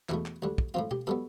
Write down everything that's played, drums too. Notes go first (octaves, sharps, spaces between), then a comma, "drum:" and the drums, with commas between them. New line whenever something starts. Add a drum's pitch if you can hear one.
E2 B2 A3 E4, drum: clap
drum: clap
D2 D3 G3
drum: kick
A2 F3 C4 F4
G4, drum: tom B2
B2 G3 B3 A4